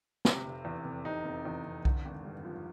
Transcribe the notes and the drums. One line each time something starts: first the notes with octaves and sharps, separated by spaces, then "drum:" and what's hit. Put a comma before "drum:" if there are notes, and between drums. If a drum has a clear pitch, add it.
C3, drum: snare
F1
E2
F1
C3 D#4
F1
E2
F1
D3, drum: kick B1
G#1
G2
F3